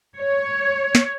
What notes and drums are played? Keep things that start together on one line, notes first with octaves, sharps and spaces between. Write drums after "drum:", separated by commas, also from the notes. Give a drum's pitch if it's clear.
C#5
drum: snare